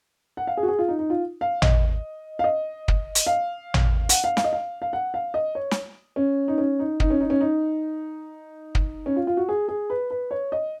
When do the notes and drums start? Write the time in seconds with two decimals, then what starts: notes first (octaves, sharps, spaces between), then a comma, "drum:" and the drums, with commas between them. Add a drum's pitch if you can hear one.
0.37 F#5
0.47 F5
0.57 G#4
0.63 F#4
0.68 G#4
0.79 F4
0.88 D#4
0.99 D#4
1.10 F4
1.41 F5
1.62 D#5, drum: tom A1
2.39 F5
2.44 D#5
2.88 drum: kick
3.15 drum: hi-hat
3.27 F5
3.74 drum: tom A1
4.09 F#5, drum: hi-hat
4.24 F5
4.37 F5, drum: snare
4.44 D#5
4.53 F5
4.82 F5
4.93 F#5
5.14 F5
5.34 D#5
5.55 C#5
5.71 drum: snare
6.16 C#4
6.48 D#4
6.58 C#4
6.79 D#4
7.00 D#4, drum: kick
7.10 C#4
7.21 D#4
7.30 C#4
7.41 D#4
8.75 drum: kick
9.06 C#4
9.16 F4
9.27 F4
9.37 F#4
9.49 G#4
9.68 G#4
9.90 B4
10.11 B4
10.31 C#5
10.52 D#5